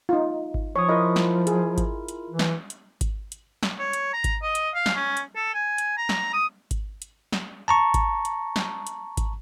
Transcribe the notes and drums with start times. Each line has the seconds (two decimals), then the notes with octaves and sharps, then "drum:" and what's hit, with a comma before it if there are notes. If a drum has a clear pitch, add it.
0.09 D#4 F4
0.54 drum: kick G#1
0.76 F3 C#5 C#6 D#6
0.89 E4 F4 A#4 D#5
1.16 drum: snare
1.47 G#4, drum: hi-hat
1.78 drum: kick G#1, hi-hat
2.08 drum: hi-hat
2.30 E3
2.39 drum: snare
2.70 drum: hi-hat
3.01 drum: kick G#1, hi-hat
3.32 drum: hi-hat
3.63 drum: snare
3.79 C#5
3.93 drum: hi-hat
4.13 A#5
4.24 drum: kick G#1, hi-hat
4.43 D#5
4.55 drum: hi-hat
4.75 F5
4.86 drum: snare
4.95 C#4
5.17 drum: hi-hat
5.35 A4
5.54 G#5
5.78 drum: hi-hat
5.98 A#5
6.09 drum: snare
6.33 D#6
6.71 drum: kick G#1, hi-hat
7.02 drum: hi-hat
7.32 drum: snare
7.68 A5 A#5 C#6
7.94 drum: kick G#1, hi-hat
8.25 drum: hi-hat
8.56 drum: snare
8.87 drum: hi-hat
9.17 drum: kick G#1, hi-hat